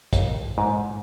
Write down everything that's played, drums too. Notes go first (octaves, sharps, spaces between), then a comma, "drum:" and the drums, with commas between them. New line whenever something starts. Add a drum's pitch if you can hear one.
D#2, drum: kick, hi-hat
G#2